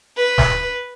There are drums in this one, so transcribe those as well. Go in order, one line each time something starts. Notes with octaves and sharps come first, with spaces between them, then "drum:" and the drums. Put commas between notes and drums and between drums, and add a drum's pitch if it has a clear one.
B4
drum: snare